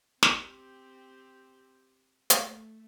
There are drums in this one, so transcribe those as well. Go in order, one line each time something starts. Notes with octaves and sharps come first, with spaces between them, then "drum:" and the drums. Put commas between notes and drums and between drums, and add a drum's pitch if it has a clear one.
C4 G4, drum: snare
A3, drum: hi-hat